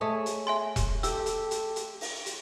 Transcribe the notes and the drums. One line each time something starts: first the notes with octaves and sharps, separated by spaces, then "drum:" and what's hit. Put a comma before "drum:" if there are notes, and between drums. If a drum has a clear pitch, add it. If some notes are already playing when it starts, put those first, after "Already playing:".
A3 G#4 C#5 D#5
drum: hi-hat
E5 G#5 C6
drum: kick E1, hi-hat
G4 A4 E6, drum: hi-hat
drum: hi-hat
drum: hi-hat
drum: hi-hat
drum: open hi-hat
drum: hi-hat